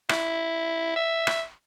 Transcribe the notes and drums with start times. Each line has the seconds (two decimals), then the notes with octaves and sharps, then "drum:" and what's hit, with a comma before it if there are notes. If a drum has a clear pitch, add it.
0.09 E4, drum: rim click
0.96 E5
1.27 drum: rim click